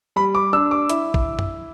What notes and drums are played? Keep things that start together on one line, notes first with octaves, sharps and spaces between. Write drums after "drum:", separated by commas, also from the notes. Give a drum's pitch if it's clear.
G3 B5
D6
D4 E6
D6
E4, drum: hi-hat
drum: kick A1
drum: tom F#2